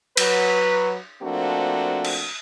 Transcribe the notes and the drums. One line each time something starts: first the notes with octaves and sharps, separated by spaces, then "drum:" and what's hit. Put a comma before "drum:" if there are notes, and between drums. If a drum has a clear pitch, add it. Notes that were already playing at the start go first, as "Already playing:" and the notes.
F#3 B4, drum: cymbal
F3 A3 A#3 C4 D4 F#4
drum: cymbal